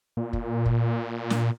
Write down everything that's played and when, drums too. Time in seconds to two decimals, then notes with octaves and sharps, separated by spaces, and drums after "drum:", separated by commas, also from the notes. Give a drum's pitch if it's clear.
0.17 A#2
0.33 drum: kick
0.66 drum: kick
1.30 drum: snare